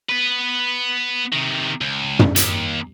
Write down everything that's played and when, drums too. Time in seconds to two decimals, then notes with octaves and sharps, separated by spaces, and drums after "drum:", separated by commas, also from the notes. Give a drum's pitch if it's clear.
0.09 B3 B4
1.33 C3 D#3
1.81 C#2
2.19 drum: tom
2.36 D#2, drum: hi-hat